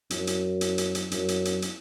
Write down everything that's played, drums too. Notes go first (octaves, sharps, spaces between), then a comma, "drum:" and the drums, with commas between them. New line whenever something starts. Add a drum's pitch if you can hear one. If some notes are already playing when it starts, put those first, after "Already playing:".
F#2, drum: hi-hat
drum: hi-hat
drum: hi-hat
drum: hi-hat
drum: hi-hat
F#2, drum: hi-hat
drum: hi-hat
drum: hi-hat
drum: hi-hat